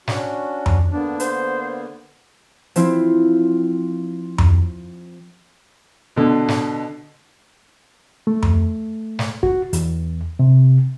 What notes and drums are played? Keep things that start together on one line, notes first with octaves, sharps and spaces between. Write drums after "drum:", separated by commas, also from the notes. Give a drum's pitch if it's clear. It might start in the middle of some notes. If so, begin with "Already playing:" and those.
C#4 D4 F#4, drum: snare
drum: tom F2
D3 A#3 B3 D4
C5, drum: hi-hat
F3 C4 E4, drum: hi-hat
drum: tom F2
B2 D3
drum: snare
A3
drum: tom F2
drum: snare
F#4, drum: kick
E2, drum: hi-hat
C3